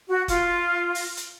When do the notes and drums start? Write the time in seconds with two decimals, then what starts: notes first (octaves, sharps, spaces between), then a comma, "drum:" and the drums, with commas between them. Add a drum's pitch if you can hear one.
0.08 F#4
0.28 F4, drum: kick, hi-hat
0.95 drum: open hi-hat
1.17 drum: hi-hat